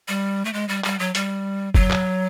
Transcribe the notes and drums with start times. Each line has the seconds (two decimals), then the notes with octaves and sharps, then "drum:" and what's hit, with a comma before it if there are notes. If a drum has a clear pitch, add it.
0.08 G3
0.45 A3
0.53 G#3
0.69 G3
0.84 G3, drum: clap
0.99 F#3
1.15 G3, drum: hi-hat
1.74 F#3, drum: kick
1.91 drum: clap